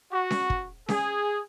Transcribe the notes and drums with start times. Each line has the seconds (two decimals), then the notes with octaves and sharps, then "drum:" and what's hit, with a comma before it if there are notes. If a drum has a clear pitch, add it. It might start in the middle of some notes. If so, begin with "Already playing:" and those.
0.11 F#4
0.30 drum: snare C#4
0.50 drum: kick
0.89 G#4, drum: snare C#4